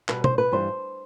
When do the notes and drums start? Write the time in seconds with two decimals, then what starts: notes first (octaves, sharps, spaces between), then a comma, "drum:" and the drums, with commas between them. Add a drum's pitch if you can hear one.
0.09 B2 G3 B4, drum: clap
0.24 C5, drum: tom B2
0.38 B4
0.52 G2 E3 G3 C5